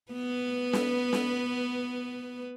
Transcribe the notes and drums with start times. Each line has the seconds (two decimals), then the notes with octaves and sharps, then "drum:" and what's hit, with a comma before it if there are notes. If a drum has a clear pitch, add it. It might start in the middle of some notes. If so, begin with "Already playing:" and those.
0.12 B3 B4
0.73 drum: snare
1.13 drum: snare